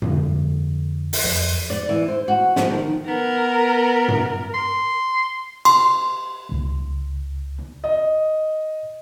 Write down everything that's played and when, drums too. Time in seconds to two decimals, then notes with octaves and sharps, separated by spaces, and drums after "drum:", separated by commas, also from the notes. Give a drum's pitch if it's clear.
0.02 F2 D3, drum: tom G2
1.13 drum: open hi-hat
1.24 F2
1.70 D5
1.89 E3
2.08 C5
2.28 F#4
2.56 F3, drum: snare
2.70 D#3
3.08 B3 A#4
4.08 drum: tom G2
4.54 C6
5.65 C6, drum: cymbal
6.52 C#2
7.84 D#5